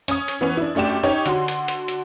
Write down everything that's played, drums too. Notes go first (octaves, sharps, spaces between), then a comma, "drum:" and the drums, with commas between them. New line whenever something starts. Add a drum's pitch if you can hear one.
C#4 D#6, drum: hi-hat
drum: hi-hat
E3 B3 C#4
D4 E4
F#2 A3 D4 G4 E7
C#4 D#4 G4 C#5
D3 F#4 C6, drum: hi-hat
drum: hi-hat
drum: hi-hat
drum: hi-hat